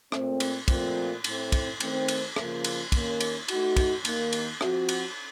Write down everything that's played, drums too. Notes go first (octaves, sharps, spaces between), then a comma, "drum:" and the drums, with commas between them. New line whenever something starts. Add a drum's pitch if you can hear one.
A#2 A3 C4, drum: rim click
drum: cymbal
A#2 F3 A3 C4 F4, drum: kick, cymbal
A2 A3 C4, drum: cymbal
drum: kick, cymbal
D#3 A3 C4, drum: cymbal
drum: cymbal
C#3 F3 A#3, drum: rim click
drum: cymbal
D#2 D#3 A#3 C#4, drum: kick, cymbal
drum: cymbal
A3 D#4 F#4, drum: cymbal
drum: kick, cymbal
D#2 D#3 A#3, drum: cymbal
drum: cymbal
F3 C4 F#4, drum: rim click
drum: cymbal